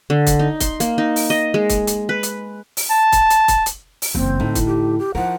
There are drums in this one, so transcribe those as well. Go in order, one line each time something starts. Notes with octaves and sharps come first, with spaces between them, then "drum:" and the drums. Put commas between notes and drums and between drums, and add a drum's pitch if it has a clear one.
D3
drum: kick, hi-hat
D#4
C6, drum: kick, hi-hat
A#3, drum: hi-hat
D#4
drum: open hi-hat
D#5
G#3
drum: kick, hi-hat
drum: hi-hat
B4
drum: hi-hat
drum: open hi-hat
A5
drum: kick, hi-hat
drum: hi-hat
drum: kick, hi-hat
drum: hi-hat
drum: open hi-hat
F#1 E2 C4
A2 D3 D#4
drum: kick, hi-hat
G4
G4
F3 D#4 E4 A#4 F#5